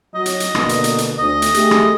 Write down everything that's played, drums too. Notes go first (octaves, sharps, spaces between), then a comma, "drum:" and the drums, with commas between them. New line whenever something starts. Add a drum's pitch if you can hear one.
F#3 D#5
drum: hi-hat
drum: hi-hat
B2 D3 A#3, drum: rim click
drum: hi-hat
drum: hi-hat
drum: hi-hat
D2 D#5
drum: hi-hat
A3 G4 G#4, drum: hi-hat
drum: rim click